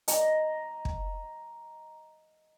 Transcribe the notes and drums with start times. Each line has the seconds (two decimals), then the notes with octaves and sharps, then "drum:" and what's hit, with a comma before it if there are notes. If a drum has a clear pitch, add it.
0.08 D#5 A#5, drum: hi-hat
0.85 drum: kick